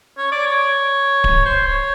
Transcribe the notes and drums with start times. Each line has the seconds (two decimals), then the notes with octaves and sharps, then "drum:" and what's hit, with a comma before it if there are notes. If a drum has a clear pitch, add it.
0.18 C#5
0.32 D5
0.46 C#5
1.24 drum: kick D1
1.45 C5
1.66 C#5